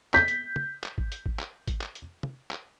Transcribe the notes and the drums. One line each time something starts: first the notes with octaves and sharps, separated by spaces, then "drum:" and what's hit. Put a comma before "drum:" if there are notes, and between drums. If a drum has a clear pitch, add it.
G6 B6, drum: clap
drum: hi-hat
drum: tom
drum: clap
drum: kick G#1
drum: hi-hat
drum: kick G#1
drum: clap
drum: kick G#1, hi-hat
drum: clap
drum: hi-hat
drum: tom
drum: clap